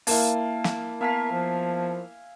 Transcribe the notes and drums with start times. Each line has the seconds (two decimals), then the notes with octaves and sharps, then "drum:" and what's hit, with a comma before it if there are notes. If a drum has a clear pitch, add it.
0.07 A#3 E4 F5 A5 A6, drum: open hi-hat
0.64 drum: snare
1.01 B3 A#4 E5 F5 G#5 A5 B6
1.32 F3